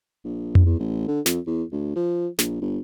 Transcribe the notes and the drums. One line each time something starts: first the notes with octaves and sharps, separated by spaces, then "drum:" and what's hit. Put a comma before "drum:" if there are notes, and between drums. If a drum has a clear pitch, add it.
A#1
drum: tom F2
E2
A1
D3
F2, drum: snare
E2
D2
F3
A#1, drum: snare
G1